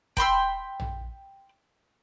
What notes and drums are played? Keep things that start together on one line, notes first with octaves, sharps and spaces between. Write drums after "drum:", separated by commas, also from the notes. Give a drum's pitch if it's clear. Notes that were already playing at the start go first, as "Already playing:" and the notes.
G5 B5 C6 E6, drum: kick
drum: tom A#1